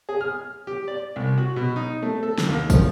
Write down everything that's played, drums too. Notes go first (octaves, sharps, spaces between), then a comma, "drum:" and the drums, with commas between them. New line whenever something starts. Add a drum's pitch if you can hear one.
G#4
F6
G4
D5
C2
F#4
B2
D#4
A3
A4
drum: snare
D#2
F3, drum: kick, tambourine